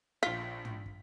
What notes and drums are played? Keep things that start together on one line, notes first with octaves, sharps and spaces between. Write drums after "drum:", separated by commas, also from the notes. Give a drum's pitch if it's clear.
A#1 F4 B6
drum: tom
drum: kick